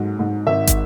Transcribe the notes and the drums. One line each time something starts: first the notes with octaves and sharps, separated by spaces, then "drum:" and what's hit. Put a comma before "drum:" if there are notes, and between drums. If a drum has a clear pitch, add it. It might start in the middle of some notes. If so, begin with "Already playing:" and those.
Already playing: G#2 F#3
G#2
G#1 E5
drum: kick, hi-hat